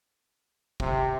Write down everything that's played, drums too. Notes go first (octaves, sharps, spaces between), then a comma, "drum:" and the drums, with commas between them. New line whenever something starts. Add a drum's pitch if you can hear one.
C3, drum: kick